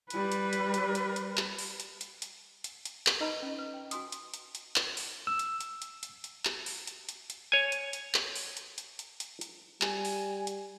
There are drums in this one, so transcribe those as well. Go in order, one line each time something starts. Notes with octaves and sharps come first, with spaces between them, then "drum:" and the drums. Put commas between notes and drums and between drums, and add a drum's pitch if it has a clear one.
G3 B4, drum: hi-hat
drum: hi-hat
drum: hi-hat
drum: hi-hat
drum: hi-hat
drum: hi-hat
drum: clap
drum: open hi-hat
drum: hi-hat
drum: hi-hat
drum: hi-hat
drum: hi-hat
drum: hi-hat
drum: clap
D#4 A#4 B4 D#5 A#5 B5
C#4
B4
G5
F#4 G#5 C6 D#6, drum: hi-hat
drum: hi-hat
drum: hi-hat
drum: hi-hat
drum: clap
drum: open hi-hat
E6
drum: hi-hat
drum: hi-hat
drum: hi-hat
drum: hi-hat
drum: hi-hat
drum: clap
drum: open hi-hat
drum: hi-hat
drum: hi-hat
drum: hi-hat
C#5 G#5
drum: hi-hat
drum: hi-hat
drum: clap
drum: open hi-hat
drum: hi-hat
drum: hi-hat
drum: hi-hat
drum: hi-hat
drum: hi-hat
G3 G#5, drum: clap
drum: open hi-hat
drum: hi-hat